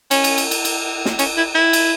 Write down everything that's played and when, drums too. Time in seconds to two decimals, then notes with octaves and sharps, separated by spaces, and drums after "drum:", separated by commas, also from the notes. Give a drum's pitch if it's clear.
0.11 C#4, drum: cymbal
0.24 drum: cymbal
0.38 drum: cymbal
0.51 drum: cymbal
0.65 drum: cymbal
1.05 drum: snare
1.19 C#4, drum: cymbal
1.37 E4
1.55 E4
1.73 drum: cymbal